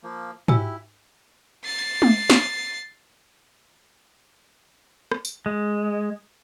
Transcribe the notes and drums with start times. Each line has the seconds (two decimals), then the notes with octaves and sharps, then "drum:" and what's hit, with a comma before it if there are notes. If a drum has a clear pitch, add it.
0.03 F3 A#3
0.48 E4 F#4 G4 G#5 E6, drum: tom G#2
1.65 A6 C7
2.02 drum: tom G#3
2.30 drum: snare
5.12 drum: rim click
5.25 drum: tambourine
5.46 G#3